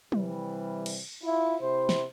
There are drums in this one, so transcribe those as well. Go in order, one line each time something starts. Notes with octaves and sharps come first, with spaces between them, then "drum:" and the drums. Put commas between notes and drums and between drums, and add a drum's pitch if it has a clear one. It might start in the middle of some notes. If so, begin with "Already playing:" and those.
C3 E3 G3, drum: tom
drum: cymbal
E4 F4
C3 E4 C5
drum: snare